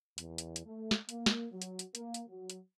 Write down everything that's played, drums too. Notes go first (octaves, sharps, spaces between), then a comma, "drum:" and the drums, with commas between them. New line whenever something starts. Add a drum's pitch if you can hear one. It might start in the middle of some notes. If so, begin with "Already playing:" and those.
E2, drum: hi-hat
drum: hi-hat
drum: hi-hat
A3
drum: snare
A#3, drum: hi-hat
drum: snare
F#3
drum: hi-hat
drum: hi-hat
A#3, drum: hi-hat
drum: hi-hat
F#3
drum: hi-hat